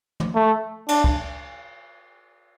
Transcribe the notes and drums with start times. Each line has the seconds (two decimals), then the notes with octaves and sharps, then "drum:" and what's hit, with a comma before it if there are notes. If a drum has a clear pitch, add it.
0.20 drum: tom
0.36 A3
0.88 D4, drum: cymbal
1.04 drum: kick